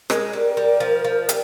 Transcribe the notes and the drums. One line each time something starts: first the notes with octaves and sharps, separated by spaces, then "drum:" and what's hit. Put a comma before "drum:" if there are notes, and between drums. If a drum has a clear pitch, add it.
G#3 A#4, drum: rim click
G3
G3
F3
F3
G3, drum: hi-hat